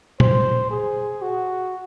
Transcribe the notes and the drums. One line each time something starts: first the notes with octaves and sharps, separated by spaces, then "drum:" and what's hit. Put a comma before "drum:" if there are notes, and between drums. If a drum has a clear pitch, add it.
C5, drum: tom A#2
G#4
F#4